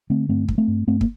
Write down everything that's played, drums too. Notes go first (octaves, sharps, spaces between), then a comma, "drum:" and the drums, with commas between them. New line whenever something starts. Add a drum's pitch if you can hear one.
D3 A3 C4
G2 A3 C4
G2, drum: kick
A3 C4
G2
G2 A3 C4
A#3, drum: kick